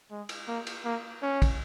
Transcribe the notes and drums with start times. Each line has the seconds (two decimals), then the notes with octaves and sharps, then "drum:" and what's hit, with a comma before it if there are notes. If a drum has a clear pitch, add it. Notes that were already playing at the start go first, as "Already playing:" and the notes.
0.11 G#3
0.29 drum: cymbal
0.48 A#3
0.67 drum: cymbal
0.85 A#3
1.22 C#4
1.42 drum: kick, cymbal